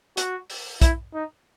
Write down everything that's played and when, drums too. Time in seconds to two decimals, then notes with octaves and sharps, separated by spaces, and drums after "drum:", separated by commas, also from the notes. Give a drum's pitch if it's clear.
0.17 F#4, drum: hi-hat
0.50 drum: open hi-hat
0.82 E4, drum: kick, hi-hat
1.14 D#4